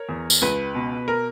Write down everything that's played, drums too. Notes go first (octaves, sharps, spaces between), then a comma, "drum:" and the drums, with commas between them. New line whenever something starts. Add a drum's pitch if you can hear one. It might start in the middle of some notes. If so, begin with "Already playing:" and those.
Already playing: A#4 C#5
E2
drum: tambourine
C#2 B4
B2
A#4